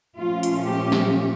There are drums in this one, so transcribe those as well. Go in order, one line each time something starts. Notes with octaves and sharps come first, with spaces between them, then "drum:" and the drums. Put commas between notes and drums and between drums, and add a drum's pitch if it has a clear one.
A#2 F3 A3 C#4 F4
drum: hi-hat
G4
drum: snare